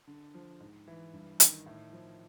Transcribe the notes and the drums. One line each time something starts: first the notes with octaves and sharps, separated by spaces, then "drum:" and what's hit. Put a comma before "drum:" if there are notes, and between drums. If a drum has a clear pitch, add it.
D3
F3
G#2
E3
G2
D#3, drum: hi-hat
A2
F3